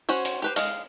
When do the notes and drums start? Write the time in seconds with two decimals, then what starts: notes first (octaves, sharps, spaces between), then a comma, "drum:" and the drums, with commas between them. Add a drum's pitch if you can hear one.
0.09 C#4 F#4 C5 C#5
0.25 drum: hi-hat
0.42 G4 B4 C5
0.56 G#3 D#5 F5, drum: hi-hat